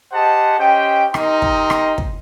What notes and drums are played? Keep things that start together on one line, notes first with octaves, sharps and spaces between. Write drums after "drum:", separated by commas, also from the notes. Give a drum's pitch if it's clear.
G4 G#4 C5 D#5 F#5 A5
C#4 G4 C5 D#5 G5
D#4 G4 A#4 D#5 C6, drum: rim click
drum: kick
drum: rim click
drum: kick